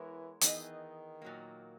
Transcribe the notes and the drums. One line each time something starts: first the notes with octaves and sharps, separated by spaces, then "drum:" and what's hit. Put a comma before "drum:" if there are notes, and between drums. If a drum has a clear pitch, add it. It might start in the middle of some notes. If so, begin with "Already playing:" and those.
Already playing: E3 G#3 B3 E4 A#4 C#5
D#3 E3 B3 D#4 G#4 D#5, drum: hi-hat
A#2 F#3 A#3